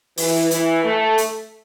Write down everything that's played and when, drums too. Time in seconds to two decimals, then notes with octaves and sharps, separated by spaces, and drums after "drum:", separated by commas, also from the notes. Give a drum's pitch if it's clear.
0.18 E3, drum: open hi-hat
0.51 E3, drum: hi-hat
0.84 A3
1.18 drum: hi-hat